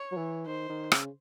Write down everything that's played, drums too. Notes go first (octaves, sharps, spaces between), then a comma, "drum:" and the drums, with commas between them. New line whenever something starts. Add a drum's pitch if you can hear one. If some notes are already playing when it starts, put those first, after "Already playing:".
Already playing: C#5
F#3
E3
D#3 C5
D#3
C#3, drum: rim click